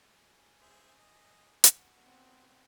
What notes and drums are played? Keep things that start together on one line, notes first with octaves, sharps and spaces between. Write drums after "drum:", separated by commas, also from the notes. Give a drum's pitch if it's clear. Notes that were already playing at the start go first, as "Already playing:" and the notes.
G#5
G#4 C5 E5
D#5
F#4, drum: hi-hat
B3 C4